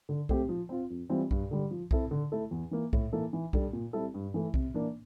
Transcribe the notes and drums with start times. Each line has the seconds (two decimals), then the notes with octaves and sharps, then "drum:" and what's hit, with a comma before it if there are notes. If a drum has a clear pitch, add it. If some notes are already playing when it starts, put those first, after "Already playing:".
0.09 D3
0.29 A3 C4 G4, drum: kick B1
0.49 F3
0.69 C4 F4
0.90 F2
1.10 E3 G3 C4 F4
1.31 G2, drum: kick B1
1.51 D3 G3
1.71 F3
1.91 C4 E4 A4, drum: kick B1
2.11 D3
2.32 A3 E4 A4
2.51 E2
2.71 E3 A#3
2.93 A2, drum: kick B1
3.13 E3 A#3 E4 A4
3.33 E3
3.53 G3 D4 A4, drum: kick B1
3.73 A#2
3.93 G3 C4 E4 A4
4.14 G2
4.34 E3 A3 E4
4.54 C3, drum: kick B1
4.74 E3 A#3 D4